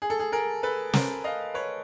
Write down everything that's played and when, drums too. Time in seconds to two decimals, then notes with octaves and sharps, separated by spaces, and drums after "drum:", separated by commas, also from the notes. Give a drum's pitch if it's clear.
0.02 G#4
0.10 A4
0.19 G#4
0.32 G#4 A#4
0.63 A4 B4
0.93 A#4 C5, drum: snare
1.24 D#5 F5
1.54 B4 C#5